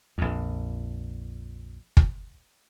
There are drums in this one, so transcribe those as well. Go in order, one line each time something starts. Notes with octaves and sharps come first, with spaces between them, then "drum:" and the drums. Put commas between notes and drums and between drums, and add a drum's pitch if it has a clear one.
A#1 F2
drum: kick